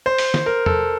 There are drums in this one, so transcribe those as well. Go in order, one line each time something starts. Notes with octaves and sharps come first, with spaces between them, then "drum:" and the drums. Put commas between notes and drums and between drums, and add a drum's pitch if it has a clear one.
C5
drum: open hi-hat
drum: snare
A#4
A4, drum: tom E2